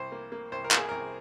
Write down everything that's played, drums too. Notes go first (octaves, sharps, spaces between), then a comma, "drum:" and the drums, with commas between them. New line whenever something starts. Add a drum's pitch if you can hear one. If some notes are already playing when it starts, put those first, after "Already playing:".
Already playing: C2 C5
A#3
A#3
C2 C5
A#4
A#3, drum: clap
G#4
C2 A#4